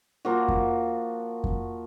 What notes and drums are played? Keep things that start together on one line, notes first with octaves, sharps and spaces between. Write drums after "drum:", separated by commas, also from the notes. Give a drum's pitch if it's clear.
F3 A#3 F#4
drum: kick F2
drum: kick F2